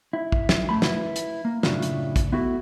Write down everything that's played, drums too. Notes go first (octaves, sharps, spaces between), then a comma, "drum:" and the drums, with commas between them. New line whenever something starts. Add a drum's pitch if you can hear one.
E4
drum: kick
drum: snare
D2 A2 A3 B5
E4 B4, drum: snare
drum: hi-hat
A#3
F#2 A2 C#3 D4 E4 F4, drum: snare
drum: hi-hat
drum: kick, hi-hat
B3 E4 F#4 A4